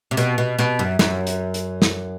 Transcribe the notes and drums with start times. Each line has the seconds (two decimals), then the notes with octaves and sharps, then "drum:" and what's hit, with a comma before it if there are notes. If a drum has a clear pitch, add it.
0.11 C3
0.17 B2, drum: hi-hat
0.38 B2
0.59 B2
0.79 F#2
0.99 F#2, drum: snare
1.27 drum: hi-hat
1.54 drum: hi-hat
1.82 drum: snare